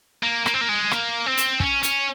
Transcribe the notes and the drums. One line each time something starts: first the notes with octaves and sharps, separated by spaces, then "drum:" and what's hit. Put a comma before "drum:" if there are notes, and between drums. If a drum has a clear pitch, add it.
A#3
A#3, drum: rim click
C4
A#3
G#3
A#3, drum: rim click
C4
drum: hi-hat
C#4, drum: kick
C#4, drum: hi-hat